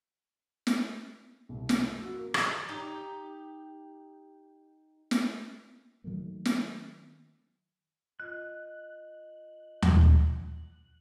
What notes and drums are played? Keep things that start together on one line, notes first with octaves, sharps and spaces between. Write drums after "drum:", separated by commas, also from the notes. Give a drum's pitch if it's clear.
drum: snare
C2
F3, drum: snare
E6
F#4
A#3
drum: rim click
D#4 G4
drum: snare
D#3 F#3 A3 A#3
drum: snare
F4 D#5 F#6
drum: tom D#2